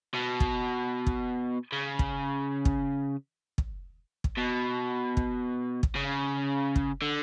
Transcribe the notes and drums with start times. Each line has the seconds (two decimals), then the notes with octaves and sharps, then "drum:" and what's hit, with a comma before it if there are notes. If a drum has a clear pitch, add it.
0.14 B2
0.40 drum: kick
1.07 drum: kick
1.72 C#3
1.99 drum: kick
2.65 drum: kick
3.58 drum: kick
4.24 drum: kick
4.37 B2
5.17 drum: kick
5.83 drum: kick
5.96 C#3
6.76 drum: kick
7.02 D3